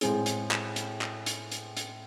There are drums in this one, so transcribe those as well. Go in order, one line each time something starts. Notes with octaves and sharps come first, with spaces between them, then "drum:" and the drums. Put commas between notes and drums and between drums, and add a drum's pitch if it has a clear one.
A2 G#3 C4 G#4, drum: hi-hat
drum: hi-hat
drum: clap
drum: hi-hat
drum: clap
drum: hi-hat
drum: hi-hat
drum: hi-hat